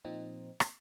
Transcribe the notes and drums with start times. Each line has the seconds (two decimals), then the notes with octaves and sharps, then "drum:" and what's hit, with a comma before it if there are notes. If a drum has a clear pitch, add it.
0.05 A#2 F3 C4 D#4
0.60 drum: rim click